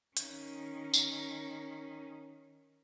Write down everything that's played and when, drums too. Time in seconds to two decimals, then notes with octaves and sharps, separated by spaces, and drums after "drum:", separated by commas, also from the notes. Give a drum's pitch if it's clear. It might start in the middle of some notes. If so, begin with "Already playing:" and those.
0.17 D#3 C#4, drum: hi-hat
0.94 drum: tambourine